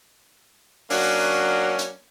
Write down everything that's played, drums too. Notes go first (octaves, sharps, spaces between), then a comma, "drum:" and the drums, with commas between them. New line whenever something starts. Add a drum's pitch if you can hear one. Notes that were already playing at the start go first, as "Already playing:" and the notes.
F#3 A#3 C#4 D4 F#4, drum: open hi-hat
drum: hi-hat